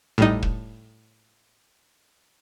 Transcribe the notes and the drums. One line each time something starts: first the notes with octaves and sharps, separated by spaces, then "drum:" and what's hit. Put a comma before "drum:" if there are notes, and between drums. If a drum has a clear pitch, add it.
A2 G3 D#4, drum: tom A1
drum: kick